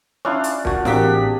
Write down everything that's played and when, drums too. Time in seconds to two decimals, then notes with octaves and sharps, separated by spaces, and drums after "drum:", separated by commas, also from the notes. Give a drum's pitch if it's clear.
0.25 C#4 D4 E4 F4 F5 D6
0.44 drum: hi-hat
0.65 A#2 F#4, drum: kick
0.85 A1 A#3 C4 D4 G4 G#4 B6, drum: snare